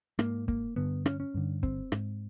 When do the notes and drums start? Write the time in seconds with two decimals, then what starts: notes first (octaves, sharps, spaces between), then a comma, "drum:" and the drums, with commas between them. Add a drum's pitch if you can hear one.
0.19 G#2 A#3, drum: rim click
0.48 A#3, drum: kick
0.76 G2 D3 B3
1.06 C#4, drum: rim click
1.20 C#4
1.34 G2 D3
1.63 C4, drum: kick
1.92 G#2, drum: rim click